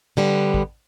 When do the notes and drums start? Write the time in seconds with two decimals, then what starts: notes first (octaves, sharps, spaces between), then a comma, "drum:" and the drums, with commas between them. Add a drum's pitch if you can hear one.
0.17 D3 G3 B3
0.54 drum: kick